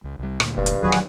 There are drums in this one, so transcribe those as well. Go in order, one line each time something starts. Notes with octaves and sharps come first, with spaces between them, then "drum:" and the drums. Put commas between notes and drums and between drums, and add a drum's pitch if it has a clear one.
C#2
C2 G3
D2 A#2, drum: rim click
F1 G2
drum: hi-hat
D1 D#2 F3 F#3 F#4 G#4 B4
drum: rim click